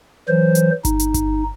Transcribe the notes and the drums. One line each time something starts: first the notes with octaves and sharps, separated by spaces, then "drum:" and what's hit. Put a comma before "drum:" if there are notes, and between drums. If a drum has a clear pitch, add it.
E3 F#3 C5
drum: hi-hat
D#4, drum: kick G1, hi-hat
drum: hi-hat
drum: kick G1, hi-hat